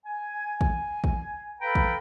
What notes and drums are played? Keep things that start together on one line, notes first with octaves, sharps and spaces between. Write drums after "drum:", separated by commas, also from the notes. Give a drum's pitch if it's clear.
G#5
drum: kick
drum: kick
A4 B4 F5 G5 A#5 B5
drum: kick